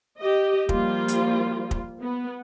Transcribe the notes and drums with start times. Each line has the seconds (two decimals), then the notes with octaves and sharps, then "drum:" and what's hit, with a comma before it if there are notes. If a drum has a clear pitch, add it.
0.19 G4 D#5
0.69 F3 G3 A#3 F4, drum: kick
1.08 drum: hi-hat
1.71 drum: kick
2.01 B3